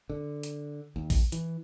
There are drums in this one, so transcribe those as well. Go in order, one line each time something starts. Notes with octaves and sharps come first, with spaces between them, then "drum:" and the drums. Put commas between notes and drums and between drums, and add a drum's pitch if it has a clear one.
D3
drum: hi-hat
D#2
drum: kick, open hi-hat
E3, drum: hi-hat